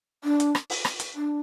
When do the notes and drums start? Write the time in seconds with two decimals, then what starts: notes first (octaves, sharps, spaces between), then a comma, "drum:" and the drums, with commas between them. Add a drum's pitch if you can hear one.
0.24 D4
0.40 drum: hi-hat
0.55 drum: rim click
0.70 drum: open hi-hat
0.85 drum: rim click
1.00 drum: hi-hat
1.15 D4